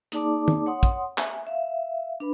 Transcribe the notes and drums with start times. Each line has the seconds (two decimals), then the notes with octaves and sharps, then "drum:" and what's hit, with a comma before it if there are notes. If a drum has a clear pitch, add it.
0.12 A#3 D#4 G#4 D5 A5 D6, drum: hi-hat
0.48 drum: tom
0.66 C#5 F#5 C6 D#6
0.83 drum: kick, hi-hat
1.18 E5 G#5, drum: clap
1.47 E5 F5
2.20 D4 B4 B5